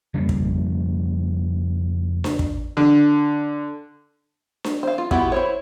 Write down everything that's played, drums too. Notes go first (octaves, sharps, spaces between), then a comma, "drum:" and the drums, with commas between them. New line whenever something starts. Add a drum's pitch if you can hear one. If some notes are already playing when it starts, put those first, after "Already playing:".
F2 C#3 G3 A#3
drum: kick
drum: snare D4
drum: kick
D3
drum: snare D4
C5 F5
F4
B3 E4 F#4 G4, drum: kick
E4 C5 C#5